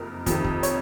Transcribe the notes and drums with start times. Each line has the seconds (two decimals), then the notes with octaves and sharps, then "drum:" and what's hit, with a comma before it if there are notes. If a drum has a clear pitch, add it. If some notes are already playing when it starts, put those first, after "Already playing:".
Already playing: F#1 F2 C3 A#4
0.26 F2 C3 D#3, drum: kick, hi-hat
0.44 drum: kick
0.63 C#5, drum: hi-hat